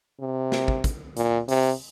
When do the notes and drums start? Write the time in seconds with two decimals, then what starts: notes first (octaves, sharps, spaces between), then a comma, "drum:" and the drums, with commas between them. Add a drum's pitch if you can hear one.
0.20 C3
0.52 drum: snare
0.68 drum: kick
0.84 drum: kick, hi-hat
1.17 A#2, drum: hi-hat
1.49 C3, drum: open hi-hat